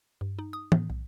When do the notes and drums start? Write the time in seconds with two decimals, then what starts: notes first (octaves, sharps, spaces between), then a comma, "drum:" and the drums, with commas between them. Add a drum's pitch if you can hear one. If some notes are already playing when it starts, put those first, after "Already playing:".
0.21 G2
0.39 D#4
0.53 D#6
0.72 A2, drum: tom E3
0.90 B1